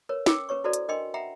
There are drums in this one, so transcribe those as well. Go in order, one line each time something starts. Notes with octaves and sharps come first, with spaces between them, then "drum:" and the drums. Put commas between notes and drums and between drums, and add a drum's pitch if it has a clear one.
A#4 B4 C#5
C#4 G5 D6 E6, drum: snare
C#4 B4 C#5 C#6
E4 F#4 A4 B4 C5 D5
drum: hi-hat
D4 A#4 D#5 G5 B5 C6
E5 F#5 G5 A#5 B5